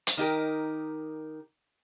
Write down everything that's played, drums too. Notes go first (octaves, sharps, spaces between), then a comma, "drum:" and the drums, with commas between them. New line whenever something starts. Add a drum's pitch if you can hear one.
drum: hi-hat
D#3 D#4 G4 A#4